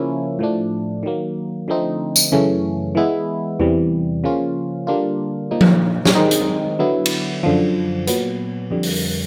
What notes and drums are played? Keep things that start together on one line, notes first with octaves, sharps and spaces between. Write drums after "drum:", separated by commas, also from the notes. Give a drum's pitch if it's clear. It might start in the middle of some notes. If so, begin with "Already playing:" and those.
Already playing: C#3 F3 A#3 C#4 E4
A2 F3 A3 D4
D#3 F#3 A#3
D3 F3 A3 C4 D#4
drum: tambourine
F#2 C#3 E3 A3 C#4
E3 G#3 B3 E4
E2 C3 E3 G3
C#3 F3 A#3 C#4 F4
D3 G3 A#3 D4 F4
A#2 F3 A#3 D#4
drum: tom F3
drum: snare
D#3 G#3 C4 D#4
drum: hi-hat
D3 F#3 B3 E4
drum: cymbal
F#2 D3 F3
A#2 F#3 B3, drum: hi-hat
F2 D3 G3
drum: open hi-hat